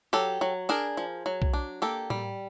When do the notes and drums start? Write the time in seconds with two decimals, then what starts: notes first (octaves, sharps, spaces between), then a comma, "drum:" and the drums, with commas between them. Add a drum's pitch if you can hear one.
0.13 F#3 G4 A4
0.41 F#3
0.69 D4 G#4 A#4
0.97 F3
1.26 F#3
1.42 drum: kick B1
1.53 D4
1.82 A#3 G4 A4
2.10 G3, drum: tom A2